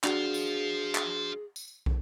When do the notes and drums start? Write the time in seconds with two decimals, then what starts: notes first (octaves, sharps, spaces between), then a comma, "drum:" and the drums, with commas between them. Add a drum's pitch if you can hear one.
0.04 D4 F#4 G#4 C5 F5, drum: clap
0.34 drum: tambourine
0.95 drum: clap
1.56 drum: tambourine
1.86 drum: kick